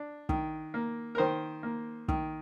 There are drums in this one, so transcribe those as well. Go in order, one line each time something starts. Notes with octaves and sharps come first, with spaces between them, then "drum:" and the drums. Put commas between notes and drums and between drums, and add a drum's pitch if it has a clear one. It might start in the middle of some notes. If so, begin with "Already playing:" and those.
Already playing: D4
D#3, drum: kick
A#3
A#4
D#3 C5
A#3
D#3, drum: kick